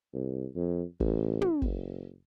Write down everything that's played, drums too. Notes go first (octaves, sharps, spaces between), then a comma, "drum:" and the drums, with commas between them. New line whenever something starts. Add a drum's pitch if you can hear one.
C2
F2
A1, drum: kick
drum: tom
F#1, drum: kick